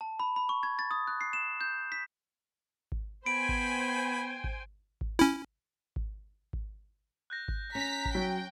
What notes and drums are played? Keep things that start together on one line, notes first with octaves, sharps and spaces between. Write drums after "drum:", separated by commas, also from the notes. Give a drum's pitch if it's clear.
A5
B5
B5
C#6
G#6
A6
D#6
F#6
C7
E7
G6
B6
drum: kick G#1
B3 C5 G5 G#5 B5 D7
drum: kick G#1
drum: kick G#1
drum: kick G#1
C#4 E4
drum: kick G#1
drum: kick G#1
F#6 G6 A#6
drum: kick G#1
C#4 A#5 B6
drum: kick G#1
F#3 G5